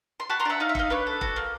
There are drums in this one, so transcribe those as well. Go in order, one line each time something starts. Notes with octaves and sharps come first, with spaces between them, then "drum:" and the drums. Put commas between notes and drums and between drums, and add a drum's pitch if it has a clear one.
C6
F#4 A5 B5
A#5 C6
D4 E5 F#5
D#4 F5
E5
D#4 D#5 F5, drum: kick E1
D4 B4 C#5
A4
F#4, drum: kick E1
A#3